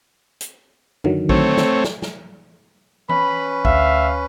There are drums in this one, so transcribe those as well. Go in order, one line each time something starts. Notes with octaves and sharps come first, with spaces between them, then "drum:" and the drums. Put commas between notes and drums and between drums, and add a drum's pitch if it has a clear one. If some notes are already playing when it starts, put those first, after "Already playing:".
drum: hi-hat
D3 D#3 F#3, drum: tom F#2
A3 C4 C#5, drum: kick A#1
drum: snare
drum: snare
drum: snare
C#4 B4 B5, drum: tom E3
D2 E5 F5, drum: kick A#1